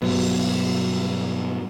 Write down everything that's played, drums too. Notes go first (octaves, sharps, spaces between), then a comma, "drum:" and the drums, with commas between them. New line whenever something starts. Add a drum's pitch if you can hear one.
G2 B2 F#3 B3, drum: cymbal